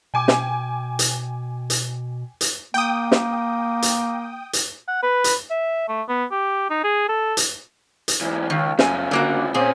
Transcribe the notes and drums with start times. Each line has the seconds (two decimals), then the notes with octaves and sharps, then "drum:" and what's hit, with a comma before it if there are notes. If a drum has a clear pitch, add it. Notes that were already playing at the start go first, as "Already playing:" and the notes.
0.14 B2 G5 G#5 D6
0.28 drum: snare
0.99 drum: hi-hat
1.70 drum: hi-hat
2.41 drum: hi-hat
2.74 A#3 G5 D#6
3.12 drum: snare
3.82 drum: hi-hat
4.53 drum: hi-hat
4.88 F#5
5.03 B4
5.24 drum: hi-hat
5.50 E5
5.88 A3
6.09 B3
6.31 G4
6.70 D#4
6.84 G#4
7.09 A4
7.37 drum: hi-hat
8.08 drum: hi-hat
8.21 G#2 E3
8.50 C#2 D#3
8.79 F#2 C#3 A3 G#5, drum: snare
9.11 D3 A#3 F#4
9.54 A#2 C4 C#4 G#4